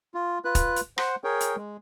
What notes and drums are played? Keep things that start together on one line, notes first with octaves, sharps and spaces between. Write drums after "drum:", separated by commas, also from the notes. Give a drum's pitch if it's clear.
F4
F4 B4 F#6
drum: kick, hi-hat
drum: hi-hat
C5 F#5, drum: rim click
G#4 A#4 C#5 G5
drum: hi-hat
G#3